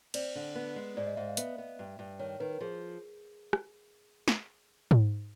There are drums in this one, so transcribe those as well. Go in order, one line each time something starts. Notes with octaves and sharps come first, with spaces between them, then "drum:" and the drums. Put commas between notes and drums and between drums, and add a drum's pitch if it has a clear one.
C4 D5, drum: cymbal
D3
B3
G#3
G#2 D5
D#5
G#2 E5
F5
B3 E5, drum: hi-hat
B3
G2
G2
D#3 C#5
D#3 B4
A#4
F3 G#4
drum: rim click
drum: snare
drum: tom G#2